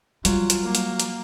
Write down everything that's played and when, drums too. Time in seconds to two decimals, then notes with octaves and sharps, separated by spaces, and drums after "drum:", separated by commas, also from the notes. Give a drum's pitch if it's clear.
0.25 F#3 G3 F4, drum: hi-hat
0.50 drum: hi-hat
0.63 A#3
0.75 drum: hi-hat
1.00 drum: hi-hat